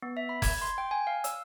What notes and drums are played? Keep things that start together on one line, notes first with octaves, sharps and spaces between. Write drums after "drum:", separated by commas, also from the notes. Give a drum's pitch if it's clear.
B3
E5
B5
G#6, drum: kick F1, open hi-hat
C6
G5
G#5
F5
E6, drum: hi-hat